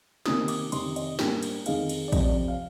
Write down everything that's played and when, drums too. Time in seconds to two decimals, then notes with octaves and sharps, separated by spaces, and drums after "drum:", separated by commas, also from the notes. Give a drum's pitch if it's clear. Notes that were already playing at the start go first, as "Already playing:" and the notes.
0.26 C3 D#3 A#3 D#4 D#6, drum: snare
0.48 D6, drum: cymbal
0.72 F2 C3 D#3 C6, drum: cymbal
0.96 D#5, drum: cymbal
1.19 G#2 G3 A#3 D4 G5, drum: snare
1.43 drum: cymbal
1.66 F2 D#3 G#3 D#4 F5, drum: cymbal
1.89 drum: cymbal
2.08 D5
2.12 F2 C3 F3 D#5, drum: kick, cymbal
2.24 D5
2.48 F5